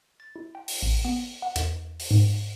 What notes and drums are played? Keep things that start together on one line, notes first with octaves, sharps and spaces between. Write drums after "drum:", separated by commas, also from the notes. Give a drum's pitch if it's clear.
A6
E4
G5
drum: open hi-hat
A1
B3
F#5
E2, drum: hi-hat
drum: open hi-hat
G#2